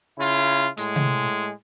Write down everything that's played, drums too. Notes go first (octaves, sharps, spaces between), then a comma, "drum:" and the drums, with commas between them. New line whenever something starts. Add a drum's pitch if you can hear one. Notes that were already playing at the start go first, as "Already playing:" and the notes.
C#3 E4 F4
A2 G#3, drum: hi-hat
drum: tom C3